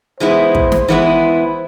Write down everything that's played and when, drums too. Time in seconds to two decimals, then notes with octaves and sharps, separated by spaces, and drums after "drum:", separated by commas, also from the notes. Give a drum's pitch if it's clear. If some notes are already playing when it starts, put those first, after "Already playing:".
0.20 E3 G#3 B3 E4 C5
0.55 drum: kick
0.72 drum: snare
0.88 E3 G#3 B3 E4 C5